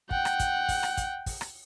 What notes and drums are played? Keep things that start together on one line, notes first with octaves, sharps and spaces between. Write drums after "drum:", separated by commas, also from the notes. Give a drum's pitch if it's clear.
F#5 G5, drum: kick
drum: rim click
drum: kick, hi-hat
drum: kick, open hi-hat
drum: rim click
drum: kick, hi-hat
drum: kick, open hi-hat
drum: rim click